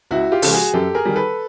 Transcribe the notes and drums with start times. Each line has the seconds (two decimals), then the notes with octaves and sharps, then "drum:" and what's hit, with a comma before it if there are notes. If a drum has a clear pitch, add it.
0.11 C#2 E4 F#4
0.32 F4 G4
0.42 C#3 F3 G#3 A4, drum: open hi-hat
0.52 F#4 G#4
0.73 F#2 G4 A4
0.95 G#4 A#4
1.05 D#3 G3
1.16 A4 B4